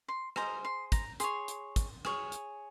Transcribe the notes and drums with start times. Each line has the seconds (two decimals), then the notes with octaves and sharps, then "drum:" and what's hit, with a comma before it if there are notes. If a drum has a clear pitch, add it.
0.08 C6
0.36 G#4 C5 D#5 A#5, drum: rim click
0.65 C6
0.92 A#5, drum: kick, hi-hat
1.20 G#4 C#5 C6, drum: hi-hat
1.48 drum: hi-hat
1.76 drum: kick, hi-hat
2.05 G#4 C#5, drum: rim click
2.32 drum: hi-hat